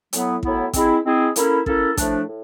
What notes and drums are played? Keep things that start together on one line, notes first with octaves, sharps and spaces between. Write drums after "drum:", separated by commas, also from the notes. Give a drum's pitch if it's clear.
A2 F#3 B3 E4, drum: hi-hat
A2 F#3 B3 E4, drum: kick
G#3 C4 E4 G#4, drum: kick, hi-hat
G#3 C4 E4 G#4
A#3 C#4 E4 A4, drum: hi-hat
A#3 C#4 E4 A4, drum: kick
A2 F3 A3 D4, drum: kick, hi-hat
A2